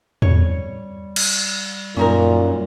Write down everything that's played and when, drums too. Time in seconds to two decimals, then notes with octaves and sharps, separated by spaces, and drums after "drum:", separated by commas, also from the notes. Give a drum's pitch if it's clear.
0.22 G3 C#5, drum: tom E2
1.16 drum: cymbal
1.97 F#2 A#2 C#4 D#4 A#4